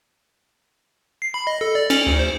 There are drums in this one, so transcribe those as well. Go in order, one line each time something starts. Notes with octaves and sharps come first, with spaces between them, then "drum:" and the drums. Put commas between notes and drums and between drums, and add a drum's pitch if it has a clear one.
C7
B5
D#5
A4
D5
C#4, drum: cymbal
D2
C5